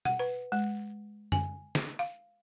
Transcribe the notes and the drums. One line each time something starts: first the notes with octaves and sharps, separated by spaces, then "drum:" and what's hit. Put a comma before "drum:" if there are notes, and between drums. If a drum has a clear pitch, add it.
F#5, drum: tom B2
B4
G#3
G#5, drum: tom F#2
drum: snare
F5